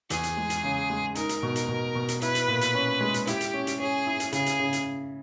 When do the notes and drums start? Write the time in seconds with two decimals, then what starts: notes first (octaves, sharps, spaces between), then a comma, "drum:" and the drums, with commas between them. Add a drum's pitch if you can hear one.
0.10 E2 G#4, drum: hi-hat
0.23 drum: hi-hat
0.37 G#3
0.50 drum: hi-hat
0.64 C#3
0.90 G#3
1.15 D#4 A#4, drum: hi-hat
1.29 drum: hi-hat
1.43 B2
1.56 drum: hi-hat
1.69 B2
1.95 B2
2.08 drum: hi-hat
2.21 E4 B4, drum: hi-hat
2.35 drum: hi-hat
2.48 A#2
2.61 drum: hi-hat
2.75 C#4
3.01 G#3
3.14 drum: hi-hat
3.27 E4 G4, drum: hi-hat
3.41 drum: hi-hat
3.54 C#4
3.67 drum: hi-hat
3.80 C#4 G#4
4.07 E4
4.20 drum: hi-hat
4.32 C#3 G#4, drum: hi-hat
4.46 drum: hi-hat
4.59 C#3
4.73 drum: hi-hat